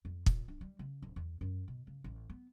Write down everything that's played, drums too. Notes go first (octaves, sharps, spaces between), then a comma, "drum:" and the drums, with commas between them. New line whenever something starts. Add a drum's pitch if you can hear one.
F2
A#2, drum: kick
D4
G3
C#3
D1
E2
F#2
B2
C#3
A1
B3